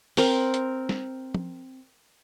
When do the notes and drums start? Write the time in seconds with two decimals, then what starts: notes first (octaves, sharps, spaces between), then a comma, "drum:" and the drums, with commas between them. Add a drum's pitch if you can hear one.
0.17 C4 A#4, drum: open hi-hat
0.54 drum: hi-hat
0.89 drum: snare
1.35 drum: tom